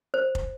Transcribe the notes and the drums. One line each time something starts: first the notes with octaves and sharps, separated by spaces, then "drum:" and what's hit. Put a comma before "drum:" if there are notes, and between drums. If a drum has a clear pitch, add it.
C5
drum: kick